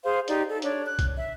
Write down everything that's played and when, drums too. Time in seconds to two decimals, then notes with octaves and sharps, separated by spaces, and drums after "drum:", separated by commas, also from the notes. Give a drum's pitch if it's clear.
0.04 G#4 C5 F5
0.28 D#4 G4 D5, drum: hi-hat
0.50 A4
0.62 D4 C#5, drum: hi-hat
0.85 F#6
0.99 drum: kick, hi-hat
1.16 E5